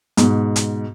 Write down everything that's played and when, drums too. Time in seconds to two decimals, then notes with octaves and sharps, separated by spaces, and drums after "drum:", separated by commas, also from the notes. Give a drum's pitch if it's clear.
0.17 G#2 B2, drum: hi-hat
0.56 drum: hi-hat